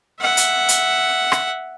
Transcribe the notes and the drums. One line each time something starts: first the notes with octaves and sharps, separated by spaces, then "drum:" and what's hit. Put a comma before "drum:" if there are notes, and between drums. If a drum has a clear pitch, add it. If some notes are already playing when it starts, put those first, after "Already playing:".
E5 F#5
drum: hi-hat
drum: hi-hat
drum: rim click